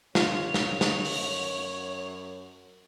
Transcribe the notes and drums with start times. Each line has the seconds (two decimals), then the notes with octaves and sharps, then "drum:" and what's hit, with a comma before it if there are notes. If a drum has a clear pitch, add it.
0.15 F#2 F4 C#5 F7, drum: snare
0.54 drum: snare
0.81 drum: snare
1.05 drum: open hi-hat